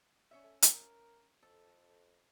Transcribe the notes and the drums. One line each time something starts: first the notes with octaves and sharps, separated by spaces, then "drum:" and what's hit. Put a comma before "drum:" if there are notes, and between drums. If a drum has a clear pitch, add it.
C#4 C#5 E5
A3
A#4, drum: hi-hat
F2 A4